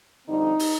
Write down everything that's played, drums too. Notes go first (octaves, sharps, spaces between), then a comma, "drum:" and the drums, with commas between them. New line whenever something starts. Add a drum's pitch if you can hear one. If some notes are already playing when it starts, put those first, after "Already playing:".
F2 D3 G3 C4 D#4
drum: open hi-hat